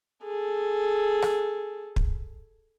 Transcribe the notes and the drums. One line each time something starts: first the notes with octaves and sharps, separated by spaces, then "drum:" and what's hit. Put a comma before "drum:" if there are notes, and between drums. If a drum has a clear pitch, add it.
G#4 A4
drum: rim click
drum: kick